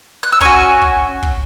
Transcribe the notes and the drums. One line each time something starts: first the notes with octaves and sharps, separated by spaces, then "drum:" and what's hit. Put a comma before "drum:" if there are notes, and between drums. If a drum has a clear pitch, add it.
F#6
E6
C#4 F#4 G#5 C#6, drum: kick
drum: kick
drum: kick